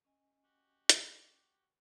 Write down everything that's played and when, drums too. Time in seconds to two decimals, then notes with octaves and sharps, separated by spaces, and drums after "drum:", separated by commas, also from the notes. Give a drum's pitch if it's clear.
0.05 C#4 D#5 G#5
0.44 F#4 G4
0.89 drum: hi-hat